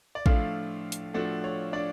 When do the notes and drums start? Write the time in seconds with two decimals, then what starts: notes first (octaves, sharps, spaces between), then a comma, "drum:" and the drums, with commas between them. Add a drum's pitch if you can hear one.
0.15 D5
0.26 A2 F3 A3 D4 F4 F5, drum: kick A1
0.92 drum: hi-hat
1.14 A2 F3 A3 D4 F#4 F#5
1.44 C#5
1.73 D4 D5